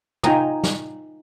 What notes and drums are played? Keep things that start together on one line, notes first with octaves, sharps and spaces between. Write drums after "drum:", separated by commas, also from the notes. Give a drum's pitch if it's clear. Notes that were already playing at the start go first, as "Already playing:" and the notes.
D#4 F4 G5 G#5 A#5 D#6, drum: tom
drum: snare